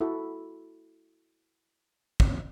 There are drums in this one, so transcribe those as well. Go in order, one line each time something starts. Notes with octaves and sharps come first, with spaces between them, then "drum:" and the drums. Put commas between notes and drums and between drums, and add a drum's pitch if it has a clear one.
E4 F#4 A4
drum: kick